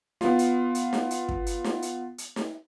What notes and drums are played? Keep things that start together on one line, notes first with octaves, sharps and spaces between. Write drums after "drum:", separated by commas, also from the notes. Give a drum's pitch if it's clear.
B3 F4, drum: snare
drum: hi-hat
drum: hi-hat
drum: snare
drum: hi-hat
drum: kick
drum: hi-hat
drum: snare
drum: hi-hat
drum: hi-hat
drum: snare